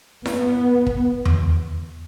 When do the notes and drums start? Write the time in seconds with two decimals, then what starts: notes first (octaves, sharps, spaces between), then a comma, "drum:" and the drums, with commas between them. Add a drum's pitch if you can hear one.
0.26 B3, drum: snare E4
0.86 drum: kick
1.26 drum: tom E2